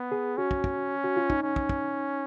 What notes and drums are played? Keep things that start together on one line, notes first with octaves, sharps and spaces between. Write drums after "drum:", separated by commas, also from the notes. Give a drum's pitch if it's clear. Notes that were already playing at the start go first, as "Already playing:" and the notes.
Already playing: B3
G#4
C#4 F#4
drum: kick
drum: kick
F#4
F4
D#4, drum: kick
C#4
drum: kick
drum: kick